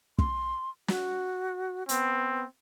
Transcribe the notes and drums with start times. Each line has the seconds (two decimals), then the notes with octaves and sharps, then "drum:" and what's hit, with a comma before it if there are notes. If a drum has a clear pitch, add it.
0.19 C6, drum: kick
0.88 F#4, drum: snare
1.89 B3 C4, drum: hi-hat